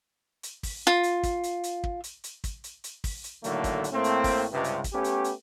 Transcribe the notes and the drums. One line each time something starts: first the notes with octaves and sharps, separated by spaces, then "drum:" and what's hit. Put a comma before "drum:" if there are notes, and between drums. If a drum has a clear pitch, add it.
drum: hi-hat
drum: kick, open hi-hat
F4
drum: hi-hat
drum: kick, hi-hat
drum: hi-hat
drum: hi-hat
drum: kick
drum: hi-hat
drum: hi-hat
drum: kick, hi-hat
drum: hi-hat
drum: hi-hat
drum: kick, open hi-hat
drum: hi-hat
A2 D3 D#3 F#3 A3 A#3, drum: hi-hat
drum: kick, hi-hat
drum: hi-hat
A2 A3 A#3 C4
drum: hi-hat
drum: kick, open hi-hat
C#2 G2 C3
drum: hi-hat
drum: kick, hi-hat
A3 B3 C#4 G4
drum: hi-hat
drum: hi-hat